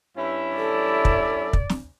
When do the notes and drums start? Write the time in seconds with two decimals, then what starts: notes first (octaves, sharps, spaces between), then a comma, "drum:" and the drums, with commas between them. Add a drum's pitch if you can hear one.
0.17 G2 C#4 E4
0.56 A4 D5
1.05 drum: kick
1.53 drum: kick
1.70 drum: snare